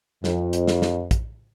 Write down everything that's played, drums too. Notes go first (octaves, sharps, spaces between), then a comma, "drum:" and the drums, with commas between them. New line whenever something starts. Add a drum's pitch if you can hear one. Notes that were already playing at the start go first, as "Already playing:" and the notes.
F2, drum: snare
drum: hi-hat
drum: snare
drum: snare
drum: kick, hi-hat